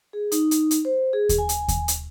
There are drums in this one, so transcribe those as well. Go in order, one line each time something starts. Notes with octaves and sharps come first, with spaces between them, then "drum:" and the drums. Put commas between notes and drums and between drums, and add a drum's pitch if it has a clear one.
G#4
D#4, drum: hi-hat
drum: hi-hat
drum: hi-hat
C5
G#4
drum: kick D#2, hi-hat
G#5
drum: hi-hat
drum: kick D#2, hi-hat
drum: hi-hat